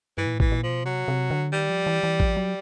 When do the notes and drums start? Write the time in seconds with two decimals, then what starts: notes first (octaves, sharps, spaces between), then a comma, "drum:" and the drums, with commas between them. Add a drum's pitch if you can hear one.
0.18 G2 E3
0.27 A#2
0.34 A2
0.40 E3, drum: kick A1
0.52 A#2
0.63 B2 F3
0.85 C3 F#3
1.08 C3
1.30 D3
1.52 D#3 G3
1.70 F3
1.87 E3
2.03 E3
2.20 F3, drum: kick A1
2.37 F#3